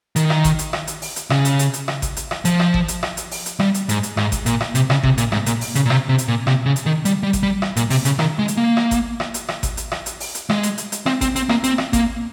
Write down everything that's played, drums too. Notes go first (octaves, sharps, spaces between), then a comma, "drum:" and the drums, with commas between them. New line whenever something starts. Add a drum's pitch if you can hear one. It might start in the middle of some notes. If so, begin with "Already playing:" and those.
D#3, drum: hi-hat
drum: rim click
drum: kick G#1, hi-hat
drum: hi-hat
drum: rim click
drum: hi-hat
drum: open hi-hat
drum: hi-hat
C#3, drum: rim click
drum: hi-hat
drum: hi-hat
drum: hi-hat
drum: rim click
drum: kick G#1, hi-hat
drum: hi-hat
drum: rim click
F3, drum: hi-hat
drum: rim click
drum: kick G#1
drum: hi-hat
drum: rim click
drum: hi-hat
drum: open hi-hat
drum: hi-hat
G3, drum: rim click
drum: hi-hat
G#2, drum: hi-hat
drum: hi-hat
G#2, drum: rim click
drum: kick G#1, hi-hat
A#2, drum: hi-hat
drum: rim click
C3, drum: hi-hat
C#3, drum: rim click
C3, drum: kick G#1
A#2, drum: hi-hat
G#2, drum: rim click
A#2, drum: hi-hat
drum: open hi-hat
C#3, drum: hi-hat
A#2
C3, drum: rim click
C3
drum: hi-hat
A#2
C3, drum: rim click
C#3
drum: hi-hat
D#3
G3, drum: hi-hat
G3
drum: kick G#1, hi-hat
G3
drum: rim click
A#2, drum: hi-hat
C3, drum: open hi-hat
C#3, drum: hi-hat
D#3, drum: rim click
G#3
drum: hi-hat
A#3
drum: rim click
drum: kick G#1, hi-hat
drum: rim click
drum: hi-hat
drum: rim click
drum: kick G#1, hi-hat
drum: hi-hat
drum: rim click
drum: hi-hat
drum: open hi-hat
drum: hi-hat
G#3, drum: rim click
drum: hi-hat
drum: hi-hat
drum: hi-hat
C4, drum: rim click
C4, drum: kick G#1, hi-hat
C4, drum: hi-hat
A#3, drum: rim click
C4, drum: hi-hat
drum: rim click
A#3, drum: kick G#1, hi-hat